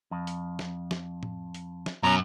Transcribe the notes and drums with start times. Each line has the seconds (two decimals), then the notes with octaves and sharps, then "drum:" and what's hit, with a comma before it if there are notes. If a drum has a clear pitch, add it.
0.11 F2
0.27 drum: hi-hat
0.59 drum: snare
0.91 drum: snare
1.23 drum: tom A2
1.54 drum: hi-hat
1.86 drum: snare
2.03 F#2 B2 C#4 A#5